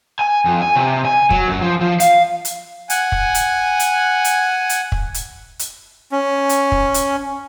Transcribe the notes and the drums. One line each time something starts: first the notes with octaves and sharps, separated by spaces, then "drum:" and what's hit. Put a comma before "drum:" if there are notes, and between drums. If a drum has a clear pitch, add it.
G#5
F2
G#5
C3
G#5
F#3, drum: kick
F#2
F3
F3
F5, drum: hi-hat
drum: hi-hat
F#5 G#5, drum: hi-hat
drum: kick
drum: hi-hat
drum: hi-hat
drum: hi-hat
drum: hi-hat
drum: kick
drum: hi-hat
drum: hi-hat
C#4
drum: hi-hat
drum: kick
drum: hi-hat